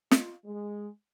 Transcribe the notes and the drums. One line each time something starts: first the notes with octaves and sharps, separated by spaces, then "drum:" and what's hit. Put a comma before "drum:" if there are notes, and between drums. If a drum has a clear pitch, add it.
F4, drum: snare
G#3